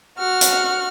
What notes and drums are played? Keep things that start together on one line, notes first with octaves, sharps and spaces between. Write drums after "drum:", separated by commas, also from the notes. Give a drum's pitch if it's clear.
F#4 F6
drum: hi-hat